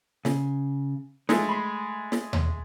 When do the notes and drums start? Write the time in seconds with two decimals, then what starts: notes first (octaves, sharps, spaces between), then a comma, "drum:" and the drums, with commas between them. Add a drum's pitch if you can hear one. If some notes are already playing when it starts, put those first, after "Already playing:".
0.25 C#3, drum: snare
1.29 G#3 A3 D#4 F4, drum: snare
1.49 B5 C6
2.12 drum: snare
2.33 drum: tom D#2